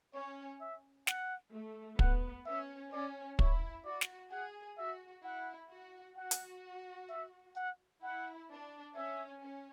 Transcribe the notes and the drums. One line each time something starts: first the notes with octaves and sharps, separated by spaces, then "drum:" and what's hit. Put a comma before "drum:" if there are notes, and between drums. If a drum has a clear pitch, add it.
C#4 C#5
E5
F#5, drum: snare
A3
B3 F#5, drum: kick
C#4 E5
C#4 D5
E4 C#5, drum: kick
F#4 D5
drum: snare
G#4 F#5
F#4 E5
E4 F#5
F#4
F#4 F#5
drum: hi-hat
E5
F#5
E4 F#5
D4
C#4 E5
C#4